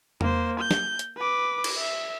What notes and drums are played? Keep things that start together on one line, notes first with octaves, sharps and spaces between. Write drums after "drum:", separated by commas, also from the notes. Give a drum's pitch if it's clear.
A#3 C5, drum: tom E2
G6
drum: snare
drum: hi-hat
B4 D6
drum: cymbal
E5